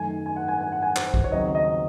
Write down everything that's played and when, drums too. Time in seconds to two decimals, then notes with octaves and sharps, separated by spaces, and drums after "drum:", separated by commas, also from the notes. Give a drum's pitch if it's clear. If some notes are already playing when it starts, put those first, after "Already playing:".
Already playing: F#2 D#3 A3 G#5
0.26 G#5
0.36 F#5
0.48 G#5
0.61 G#5
0.72 F#5
0.82 G#5
0.96 C5, drum: clap
1.14 drum: kick B1
1.24 C#5
1.31 D#2 C#3 F#3 C4 D#5
1.55 D#5